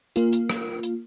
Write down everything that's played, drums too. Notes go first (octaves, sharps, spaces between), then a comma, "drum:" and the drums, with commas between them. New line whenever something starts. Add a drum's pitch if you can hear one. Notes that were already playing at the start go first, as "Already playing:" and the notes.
A#3 F4, drum: hi-hat
drum: hi-hat
drum: rim click
drum: hi-hat